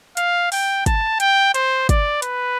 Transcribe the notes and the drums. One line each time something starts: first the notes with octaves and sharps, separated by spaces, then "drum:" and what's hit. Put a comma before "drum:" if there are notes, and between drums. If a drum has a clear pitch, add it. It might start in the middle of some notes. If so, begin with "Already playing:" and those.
F5, drum: hi-hat
G5, drum: open hi-hat
A5, drum: kick, hi-hat
G5, drum: hi-hat
C5, drum: hi-hat
D5, drum: kick, hi-hat
B4, drum: hi-hat